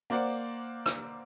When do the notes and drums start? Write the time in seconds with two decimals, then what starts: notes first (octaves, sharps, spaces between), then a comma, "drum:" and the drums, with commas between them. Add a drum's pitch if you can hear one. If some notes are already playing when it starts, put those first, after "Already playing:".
0.10 A#3 C5 D5 F#5
0.86 drum: rim click